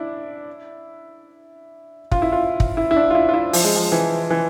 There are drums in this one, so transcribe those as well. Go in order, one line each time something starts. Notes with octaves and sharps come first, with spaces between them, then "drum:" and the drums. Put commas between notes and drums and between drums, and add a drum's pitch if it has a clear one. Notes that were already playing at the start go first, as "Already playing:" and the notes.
Already playing: D4 E4
F4, drum: kick
E4
F4
drum: kick
E4
E4
D4
F4
E4
F4
E4
F3, drum: open hi-hat
G#3
F3
E3
E3